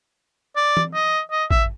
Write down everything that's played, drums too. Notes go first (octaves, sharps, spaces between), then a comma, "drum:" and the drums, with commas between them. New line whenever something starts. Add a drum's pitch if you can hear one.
D5
drum: tom E3
D#5
D#5
E5, drum: kick A1